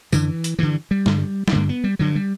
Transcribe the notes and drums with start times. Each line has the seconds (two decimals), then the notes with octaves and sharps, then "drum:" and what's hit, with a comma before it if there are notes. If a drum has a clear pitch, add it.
0.12 F#2 D3 E3, drum: tambourine
0.44 drum: hi-hat
0.59 G2 D3 E3
0.91 G3
1.06 G2 D3, drum: snare G#3
1.48 G3, drum: snare G#3
1.52 G2 D3 A#3
1.69 B3
1.84 G3
1.99 G2 D3 F#3
2.15 G3